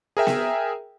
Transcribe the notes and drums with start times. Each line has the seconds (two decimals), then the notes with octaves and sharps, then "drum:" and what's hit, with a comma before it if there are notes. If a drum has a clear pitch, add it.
0.17 G#4 A#4 E5 G5
0.27 drum: snare B3